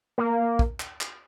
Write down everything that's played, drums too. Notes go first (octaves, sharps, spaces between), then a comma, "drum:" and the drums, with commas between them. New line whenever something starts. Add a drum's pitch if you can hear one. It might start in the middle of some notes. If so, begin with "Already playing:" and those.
A#3
drum: kick
drum: clap
drum: clap